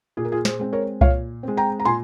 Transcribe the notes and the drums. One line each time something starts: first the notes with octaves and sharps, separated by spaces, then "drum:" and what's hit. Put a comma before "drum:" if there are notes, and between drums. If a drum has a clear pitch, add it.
A#2 G#4
A#4
F4 G#4
G#4 C5, drum: snare
G#3 C4
A#4 C#5
A#2 C#5 F5, drum: kick C2
G#3 C4
G5 A#5
A#5
A#2 G#5 C6